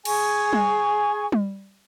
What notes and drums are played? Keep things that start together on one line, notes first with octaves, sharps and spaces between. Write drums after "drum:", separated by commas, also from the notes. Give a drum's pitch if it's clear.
G#4 G#5 C#6, drum: cymbal
drum: tom G3
drum: tom G3